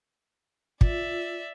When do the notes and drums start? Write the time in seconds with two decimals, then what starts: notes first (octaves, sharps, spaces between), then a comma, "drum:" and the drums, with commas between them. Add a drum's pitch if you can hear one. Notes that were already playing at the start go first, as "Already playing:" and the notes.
0.81 F4 D5 E5, drum: kick